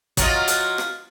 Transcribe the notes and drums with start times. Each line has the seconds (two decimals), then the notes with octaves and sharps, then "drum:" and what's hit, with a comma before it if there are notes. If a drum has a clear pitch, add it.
0.17 F#3 F4 D#5, drum: kick, hi-hat
0.48 drum: hi-hat
0.78 drum: rim click